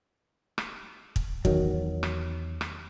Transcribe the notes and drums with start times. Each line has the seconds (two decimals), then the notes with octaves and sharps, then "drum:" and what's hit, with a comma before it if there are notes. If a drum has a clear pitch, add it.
0.58 drum: rim click
1.16 drum: kick
1.45 E2 D#3 F#3, drum: kick
2.03 drum: rim click
2.61 drum: rim click